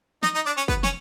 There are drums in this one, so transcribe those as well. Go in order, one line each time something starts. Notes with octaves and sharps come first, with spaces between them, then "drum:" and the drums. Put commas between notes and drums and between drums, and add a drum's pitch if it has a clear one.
D#4 D#5, drum: snare
D#4 D#5
D4 D5
C#4 C#5
B3 B4, drum: kick
C#4 C#5, drum: snare